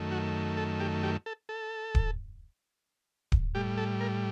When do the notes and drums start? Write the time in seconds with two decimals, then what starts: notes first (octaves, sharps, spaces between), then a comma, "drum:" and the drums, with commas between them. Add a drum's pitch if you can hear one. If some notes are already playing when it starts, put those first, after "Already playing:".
Already playing: F#2 D#3 A3
0.11 F#4
0.57 A4
0.80 G4
1.03 G4
1.26 A4
1.49 A4
1.95 drum: kick D1
3.32 drum: kick D1
3.55 A2 G3 G4
3.78 A4
4.01 A#4